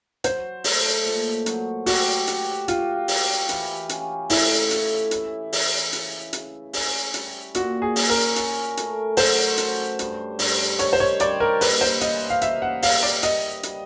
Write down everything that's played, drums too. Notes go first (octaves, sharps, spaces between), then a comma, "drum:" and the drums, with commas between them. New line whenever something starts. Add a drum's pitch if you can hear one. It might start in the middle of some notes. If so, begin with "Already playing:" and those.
F#3 C5, drum: hi-hat
A3, drum: open hi-hat
A#2
F#3, drum: hi-hat
F#4 G4, drum: open hi-hat
G4, drum: hi-hat
F4 G4, drum: hi-hat
G4, drum: open hi-hat
E3, drum: hi-hat
C#4, drum: hi-hat
A2 E4, drum: open hi-hat
A2, drum: hi-hat
E3, drum: hi-hat
E3, drum: open hi-hat
C#3, drum: hi-hat
C#3, drum: hi-hat
C#4, drum: open hi-hat
G3, drum: hi-hat
A#2 F#4, drum: hi-hat
G#4
C#4, drum: open hi-hat
A#4
C#4, drum: hi-hat
A3, drum: hi-hat
F#3 C5, drum: open hi-hat
F#3, drum: hi-hat
G2, drum: hi-hat
G2, drum: open hi-hat
D#3 C#5, drum: hi-hat
C5
C#5
G3 D5, drum: hi-hat
A#4
A#3 B4, drum: open hi-hat
C5
E3 D#5, drum: hi-hat
F5
A#3 E5, drum: hi-hat
F#5
G3 F5, drum: open hi-hat
D5
G3 D#5, drum: hi-hat
G3, drum: hi-hat